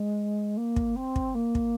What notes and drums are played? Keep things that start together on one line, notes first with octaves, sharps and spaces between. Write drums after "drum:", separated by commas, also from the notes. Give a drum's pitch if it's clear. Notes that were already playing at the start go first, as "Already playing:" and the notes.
Already playing: G#3
A#3
drum: kick
C4
drum: kick
A#3
drum: kick